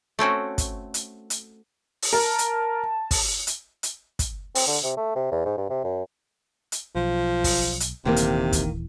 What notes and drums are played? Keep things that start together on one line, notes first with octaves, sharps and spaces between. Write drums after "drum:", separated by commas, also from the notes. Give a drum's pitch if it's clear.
A3 C4 C#4 F#4
drum: kick, hi-hat
drum: hi-hat
drum: hi-hat
drum: open hi-hat
A#4 A5
drum: hi-hat
drum: kick, open hi-hat
drum: hi-hat
drum: hi-hat
drum: kick, hi-hat
C4, drum: open hi-hat
D3
C3
A3
C3
E2
G#2
G2
C3
F#2
drum: hi-hat
B1 F3
drum: kick, open hi-hat
drum: hi-hat
D#1 C3 D#3 E3 A#3
drum: hi-hat
drum: kick, hi-hat